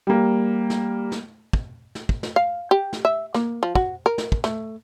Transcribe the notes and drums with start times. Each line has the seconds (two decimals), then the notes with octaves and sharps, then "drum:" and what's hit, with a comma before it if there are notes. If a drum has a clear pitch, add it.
0.07 G3 A#3
0.70 drum: snare
1.12 drum: snare
1.53 drum: kick
1.95 drum: snare
2.09 drum: kick
2.23 drum: snare
2.36 F5
2.71 G4
2.93 drum: snare
3.05 E5
3.34 A#3, drum: snare
3.63 F3
3.75 F#4, drum: kick
4.06 A#4
4.18 drum: snare
4.32 drum: kick
4.44 A3, drum: snare